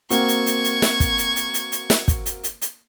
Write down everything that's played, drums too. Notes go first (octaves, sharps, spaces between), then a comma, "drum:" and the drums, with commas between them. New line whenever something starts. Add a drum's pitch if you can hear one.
A#3 C4 F#4 C#6 G#6, drum: hi-hat
drum: hi-hat
drum: hi-hat
drum: hi-hat
drum: snare
drum: kick, hi-hat
drum: hi-hat
drum: hi-hat
drum: hi-hat
drum: hi-hat
drum: snare
drum: kick, hi-hat
drum: hi-hat
drum: hi-hat
drum: hi-hat